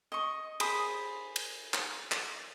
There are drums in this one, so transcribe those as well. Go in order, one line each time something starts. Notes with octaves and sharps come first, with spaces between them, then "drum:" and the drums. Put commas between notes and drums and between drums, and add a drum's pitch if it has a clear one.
D#5 C#6
G#4 C5 B5 D#6, drum: cymbal
drum: cymbal
drum: clap
drum: clap